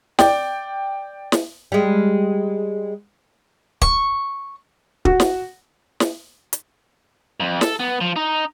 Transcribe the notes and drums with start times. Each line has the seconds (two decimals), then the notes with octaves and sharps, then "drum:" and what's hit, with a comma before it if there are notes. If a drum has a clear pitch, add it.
0.19 D5 G5, drum: snare
1.32 drum: snare
1.72 G3 G#3
3.82 C#6, drum: kick
5.05 F#4, drum: kick
5.20 drum: snare
6.00 drum: snare
6.53 drum: hi-hat
7.40 F2
7.61 A4, drum: snare
7.80 B3
8.01 F3
8.16 D#4